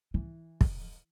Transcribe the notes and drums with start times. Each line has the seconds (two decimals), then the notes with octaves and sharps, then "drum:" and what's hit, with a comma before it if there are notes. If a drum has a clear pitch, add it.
0.14 E3
0.61 drum: kick